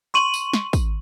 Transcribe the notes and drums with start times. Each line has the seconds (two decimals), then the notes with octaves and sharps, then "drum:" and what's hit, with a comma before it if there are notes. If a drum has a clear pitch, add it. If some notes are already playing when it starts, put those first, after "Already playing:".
0.14 C6 C#6 D#7 F#7
0.34 drum: tambourine
0.53 drum: snare
0.73 drum: kick, tambourine